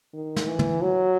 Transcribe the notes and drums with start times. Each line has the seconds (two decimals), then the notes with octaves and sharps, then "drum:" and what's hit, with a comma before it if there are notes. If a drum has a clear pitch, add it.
0.14 D#3
0.36 drum: snare
0.47 E3
0.59 drum: tom
0.82 F#3